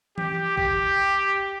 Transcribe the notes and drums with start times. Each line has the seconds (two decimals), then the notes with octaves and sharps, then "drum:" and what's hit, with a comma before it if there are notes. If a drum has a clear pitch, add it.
0.18 G4, drum: tom E3
0.57 G4, drum: kick